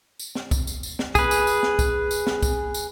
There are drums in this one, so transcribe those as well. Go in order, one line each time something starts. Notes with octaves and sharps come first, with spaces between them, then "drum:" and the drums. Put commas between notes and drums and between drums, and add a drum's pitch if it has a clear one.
drum: tambourine
drum: snare
drum: kick, tambourine
drum: tambourine
drum: tambourine
drum: snare
G#4 B4, drum: kick, tambourine
drum: tambourine
drum: tambourine
drum: snare
drum: kick, tambourine
drum: tambourine
drum: snare
drum: kick, tambourine
drum: tambourine